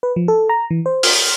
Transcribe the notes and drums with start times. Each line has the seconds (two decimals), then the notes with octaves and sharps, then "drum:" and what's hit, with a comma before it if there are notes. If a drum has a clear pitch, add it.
0.03 B4
0.16 F3
0.28 A4
0.49 A#5
0.70 E3
0.86 C5
1.03 F6, drum: open hi-hat